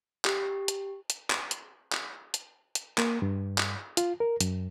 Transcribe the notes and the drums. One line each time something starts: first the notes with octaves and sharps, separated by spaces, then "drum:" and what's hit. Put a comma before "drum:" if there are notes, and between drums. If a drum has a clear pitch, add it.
G4, drum: clap
drum: hi-hat
drum: hi-hat
drum: clap
drum: hi-hat
drum: clap
drum: hi-hat
drum: hi-hat
A#3, drum: clap
G2
drum: clap
F4, drum: hi-hat
A#4
F#2, drum: hi-hat